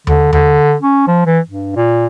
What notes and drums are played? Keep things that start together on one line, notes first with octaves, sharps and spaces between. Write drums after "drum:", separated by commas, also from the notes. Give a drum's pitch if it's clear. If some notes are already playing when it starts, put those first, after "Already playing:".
D3, drum: tom D#2
D3, drum: tom D#2
C#4
F3
E3
G2
A#2